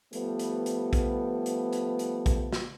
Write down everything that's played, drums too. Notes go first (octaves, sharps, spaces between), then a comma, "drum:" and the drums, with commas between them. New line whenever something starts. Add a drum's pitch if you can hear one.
F3 G3 A3 B3, drum: hi-hat
drum: hi-hat
drum: hi-hat
drum: kick A#1, hi-hat
drum: hi-hat
drum: hi-hat
drum: hi-hat
drum: kick A#1, hi-hat
drum: snare